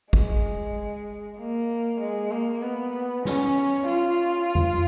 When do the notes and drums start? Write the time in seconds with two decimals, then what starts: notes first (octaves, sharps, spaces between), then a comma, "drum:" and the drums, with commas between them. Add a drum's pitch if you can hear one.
0.13 G#3, drum: kick
1.38 A#3
2.00 G#3
2.31 A#3
2.62 B3
3.25 C#4, drum: snare
3.87 F4
4.55 drum: tom F2